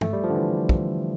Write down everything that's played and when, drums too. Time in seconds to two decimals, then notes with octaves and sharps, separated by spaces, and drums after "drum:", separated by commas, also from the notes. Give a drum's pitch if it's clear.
0.01 A3, drum: tom G2
0.13 G3
0.24 F3
0.30 D3
0.35 E3
0.69 drum: kick